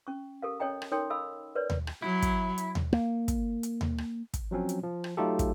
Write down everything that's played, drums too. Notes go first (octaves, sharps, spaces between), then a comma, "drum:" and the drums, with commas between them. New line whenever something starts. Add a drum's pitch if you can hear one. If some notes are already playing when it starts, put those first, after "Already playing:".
C#4 C#6
G4 A4 A#4 F5
C#4 A4 C#5 D#5 G5 A#5
drum: rim click
D#4 A4 A#4 C#5 G5 C6
A4 D#5 F5 B5 E6
A#4 B4 C#5 D5
drum: tom D#2
drum: rim click
F#3 E4
drum: kick, hi-hat
drum: hi-hat
drum: tom D#2
A#3, drum: rim click
drum: kick, hi-hat
drum: hi-hat
drum: tom D#2
drum: rim click
drum: kick, hi-hat
F3 F#3 C4 C#4
drum: hi-hat
F3
drum: rim click
F#3 A3 D#4 F4 G4 A4
drum: kick, hi-hat